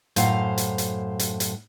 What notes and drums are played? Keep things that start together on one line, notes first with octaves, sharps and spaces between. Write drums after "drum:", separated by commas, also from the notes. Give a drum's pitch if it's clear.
F#2 A2 C5 F5, drum: hi-hat
drum: hi-hat
drum: hi-hat
drum: hi-hat
drum: hi-hat